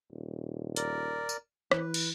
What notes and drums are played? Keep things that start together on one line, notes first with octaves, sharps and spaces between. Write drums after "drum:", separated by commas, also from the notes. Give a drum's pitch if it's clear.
D#1
A#4 D5, drum: hi-hat
drum: tambourine
E3 B4, drum: rim click
drum: cymbal